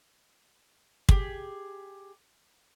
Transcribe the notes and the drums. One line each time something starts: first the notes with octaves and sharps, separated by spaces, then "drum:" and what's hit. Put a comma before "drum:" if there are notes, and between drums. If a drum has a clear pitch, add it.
G4 G#4, drum: kick